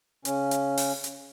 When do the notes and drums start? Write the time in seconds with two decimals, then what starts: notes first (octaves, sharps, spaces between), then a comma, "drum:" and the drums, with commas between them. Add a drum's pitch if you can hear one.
0.25 C#3 C#4, drum: hi-hat
0.51 drum: hi-hat
0.78 drum: open hi-hat
1.04 drum: hi-hat